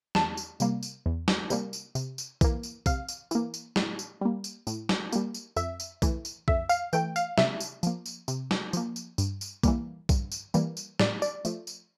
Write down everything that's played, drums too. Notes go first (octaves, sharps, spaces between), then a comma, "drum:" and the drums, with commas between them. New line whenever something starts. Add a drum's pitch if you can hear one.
E2 A5, drum: snare
drum: tambourine
C3 G3 A#3, drum: tambourine
drum: tambourine
E2
drum: snare
C3 G3 A#3, drum: tambourine
drum: tambourine
C3, drum: tambourine
drum: tambourine
E3 A#3, drum: kick B1, tambourine
drum: tambourine
C3 F5, drum: kick B1, tambourine
drum: tambourine
E3 A#3, drum: tambourine
drum: tambourine
A2, drum: snare
drum: tambourine
G3 A#3
drum: tambourine
A2, drum: tambourine
drum: snare
G3 A#3, drum: tambourine
drum: tambourine
F2 E5, drum: tambourine
drum: tambourine
E3 A3, drum: kick B1, tambourine
drum: tambourine
F2 E5, drum: kick B1
F5, drum: tambourine
E3 A3 G5, drum: tambourine
F5, drum: tambourine
C3 E5, drum: snare
drum: tambourine
F3 A#3, drum: tambourine
drum: tambourine
C3, drum: tambourine
drum: snare
F3 A#3, drum: tambourine
drum: tambourine
G2, drum: tambourine
drum: tambourine
E3 G3 A#3, drum: kick B1, tambourine
G2, drum: kick B1, tambourine
drum: tambourine
E3 G3 A#3, drum: tambourine
drum: tambourine
A2 D5, drum: snare
D5, drum: tambourine
F3 A3, drum: tambourine
drum: tambourine